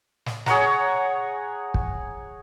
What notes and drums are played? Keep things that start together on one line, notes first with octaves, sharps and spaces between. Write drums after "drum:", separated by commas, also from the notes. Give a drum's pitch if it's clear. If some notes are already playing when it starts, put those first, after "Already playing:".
drum: snare
G#4 C#5 F#5 A#5, drum: snare
drum: kick